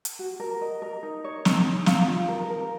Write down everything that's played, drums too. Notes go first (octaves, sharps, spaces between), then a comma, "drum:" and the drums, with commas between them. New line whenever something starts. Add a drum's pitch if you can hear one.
drum: hi-hat
F#4
A#4
D#5
A#4
D#4
C#5
D#4, drum: snare
D#4
F5, drum: snare
F4
A#4
A#4